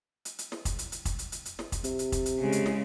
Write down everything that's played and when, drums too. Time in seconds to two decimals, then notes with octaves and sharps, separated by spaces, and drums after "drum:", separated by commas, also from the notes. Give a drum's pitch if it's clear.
0.25 drum: hi-hat
0.39 drum: hi-hat
0.52 drum: snare
0.65 drum: kick, hi-hat
0.79 drum: hi-hat
0.92 drum: hi-hat
1.05 drum: kick, hi-hat
1.19 drum: hi-hat
1.32 drum: hi-hat
1.45 drum: hi-hat
1.59 drum: snare
1.72 drum: kick, hi-hat
1.84 C3, drum: hi-hat
1.99 drum: hi-hat
2.12 drum: kick, hi-hat
2.26 drum: hi-hat
2.39 C#3 G#3
2.52 drum: hi-hat
2.66 drum: snare